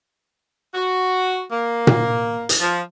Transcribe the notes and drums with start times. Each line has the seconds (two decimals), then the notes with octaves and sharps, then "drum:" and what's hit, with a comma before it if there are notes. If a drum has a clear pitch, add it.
0.74 F#4
1.51 A#3
1.87 drum: tom A#2
2.49 drum: hi-hat
2.60 F3